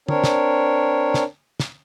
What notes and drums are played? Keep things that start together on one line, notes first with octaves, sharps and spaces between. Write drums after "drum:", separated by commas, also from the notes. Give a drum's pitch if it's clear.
C4 D4 A#4 C#5, drum: tom
drum: snare
drum: snare
drum: snare